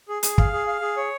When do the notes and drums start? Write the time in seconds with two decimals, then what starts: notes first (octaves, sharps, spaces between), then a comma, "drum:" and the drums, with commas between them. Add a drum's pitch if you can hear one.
0.08 G#4
0.23 G#4, drum: hi-hat
0.38 F5, drum: kick
0.53 G#4
0.67 F5
0.81 G#4
0.97 C#5